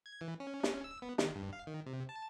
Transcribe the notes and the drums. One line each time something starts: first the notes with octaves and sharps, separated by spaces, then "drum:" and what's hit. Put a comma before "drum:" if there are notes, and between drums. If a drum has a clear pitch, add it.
G#6
E3
C#4
drum: snare
E6
B3
D#3, drum: snare
G2
F5
D#3
C3
A5